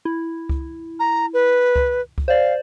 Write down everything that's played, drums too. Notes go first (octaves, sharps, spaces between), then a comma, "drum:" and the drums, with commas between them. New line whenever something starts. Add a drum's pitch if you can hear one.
E4
drum: kick C#2
A#5
B4
drum: kick C#2
drum: kick C#2
C5 D5 F5